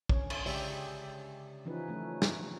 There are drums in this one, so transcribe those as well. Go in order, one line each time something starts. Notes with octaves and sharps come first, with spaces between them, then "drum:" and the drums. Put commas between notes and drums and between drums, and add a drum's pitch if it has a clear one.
D3 C#4 C#5, drum: kick
drum: cymbal
C#3 G#3 G4 C#5 D5 E5, drum: open hi-hat
E3 F3 C#4 D#4 B4
F#3 A3 C#4
drum: snare